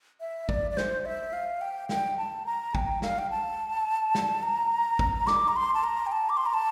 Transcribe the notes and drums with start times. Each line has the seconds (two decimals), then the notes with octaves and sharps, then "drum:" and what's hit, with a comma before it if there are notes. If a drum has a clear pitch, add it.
0.21 E5
0.49 D5, drum: kick
0.71 D5
0.77 C5, drum: snare
1.05 E5
1.33 F5
1.61 G5
1.89 G5, drum: snare
2.18 A5
2.46 A#5
2.75 G5, drum: kick
3.02 F5, drum: snare
3.19 G5
3.30 A5
4.15 drum: snare
4.43 A#5
4.99 drum: kick
5.27 D6, drum: snare
5.48 A#5
5.56 C6
5.74 A5
5.84 A#5
6.07 G5
6.12 A5
6.29 D6
6.37 C6
6.46 A#5
6.54 A5